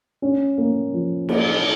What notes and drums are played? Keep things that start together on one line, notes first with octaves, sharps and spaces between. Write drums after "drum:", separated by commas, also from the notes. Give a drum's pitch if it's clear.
C#4
A#3
F3
A#3, drum: cymbal